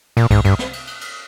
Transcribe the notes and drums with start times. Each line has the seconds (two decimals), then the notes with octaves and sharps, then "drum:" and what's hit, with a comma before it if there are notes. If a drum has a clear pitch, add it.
0.17 A#2, drum: cymbal
0.31 G#2, drum: kick C2, cymbal
0.45 G2, drum: cymbal
0.59 drum: snare
0.73 drum: cymbal
0.87 drum: cymbal
1.01 drum: cymbal